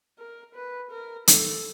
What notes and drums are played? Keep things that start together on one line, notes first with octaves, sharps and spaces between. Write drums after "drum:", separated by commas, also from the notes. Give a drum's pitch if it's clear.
A#4
B4
A#4
A4, drum: hi-hat